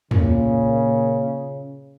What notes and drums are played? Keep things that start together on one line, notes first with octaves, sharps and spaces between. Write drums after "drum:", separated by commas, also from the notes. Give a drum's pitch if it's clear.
A#2 C#3, drum: tom